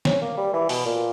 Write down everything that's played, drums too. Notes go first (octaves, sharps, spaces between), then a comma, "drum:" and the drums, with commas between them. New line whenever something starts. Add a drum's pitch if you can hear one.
C#4, drum: snare
A#3
G3
E3
B2, drum: open hi-hat
A#2